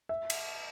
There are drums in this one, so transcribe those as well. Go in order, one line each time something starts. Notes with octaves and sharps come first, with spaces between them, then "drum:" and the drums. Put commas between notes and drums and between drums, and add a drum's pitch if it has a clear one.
E5
drum: cymbal